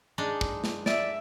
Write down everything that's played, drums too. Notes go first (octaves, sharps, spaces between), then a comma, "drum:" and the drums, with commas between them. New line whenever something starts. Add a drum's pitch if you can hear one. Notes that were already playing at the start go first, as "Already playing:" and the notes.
G#3 D4 D#4
drum: kick
drum: snare
D5 E5, drum: snare